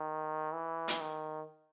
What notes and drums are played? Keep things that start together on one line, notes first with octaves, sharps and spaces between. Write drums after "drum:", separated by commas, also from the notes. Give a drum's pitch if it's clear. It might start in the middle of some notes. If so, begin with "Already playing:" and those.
Already playing: D#3
E3
drum: hi-hat
D#3